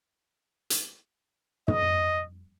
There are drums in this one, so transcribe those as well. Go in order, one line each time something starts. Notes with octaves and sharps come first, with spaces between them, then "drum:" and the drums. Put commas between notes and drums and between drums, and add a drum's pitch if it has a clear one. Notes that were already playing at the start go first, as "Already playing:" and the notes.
drum: hi-hat
D#5, drum: tom